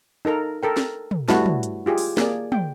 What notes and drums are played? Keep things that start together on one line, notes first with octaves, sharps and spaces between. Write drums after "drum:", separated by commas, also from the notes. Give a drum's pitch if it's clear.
D#4 A4 A#4 A#5
A4 A#4 G5
drum: snare
drum: tom
G3 A3 E4 F#4 B4 A5, drum: snare
drum: tom
drum: hi-hat
F4 G4 G#4
drum: open hi-hat
A#3 G#4 D5, drum: snare
G5, drum: tom